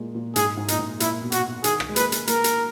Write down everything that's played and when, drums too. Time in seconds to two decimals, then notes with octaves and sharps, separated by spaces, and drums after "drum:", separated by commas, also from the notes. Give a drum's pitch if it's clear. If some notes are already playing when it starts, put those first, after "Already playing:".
Already playing: A#2 G#3 A#3
0.15 A#2
0.36 G#2 G#4, drum: hi-hat
0.57 G#2
0.68 A#2 D#4, drum: hi-hat
0.79 G#2
1.00 A#2 E4, drum: hi-hat
1.21 B2
1.32 F#4, drum: hi-hat
1.43 B2
1.64 D#3 G#4, drum: hi-hat
1.80 drum: rim click
1.89 G#3
1.96 A#3 B4, drum: hi-hat
2.12 drum: hi-hat
2.27 A#3 A#4, drum: hi-hat
2.44 drum: hi-hat